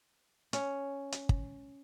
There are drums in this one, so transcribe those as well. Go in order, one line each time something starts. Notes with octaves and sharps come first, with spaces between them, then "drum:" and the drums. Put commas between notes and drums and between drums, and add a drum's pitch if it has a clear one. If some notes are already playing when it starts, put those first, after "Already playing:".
C#4, drum: hi-hat
drum: hi-hat
drum: kick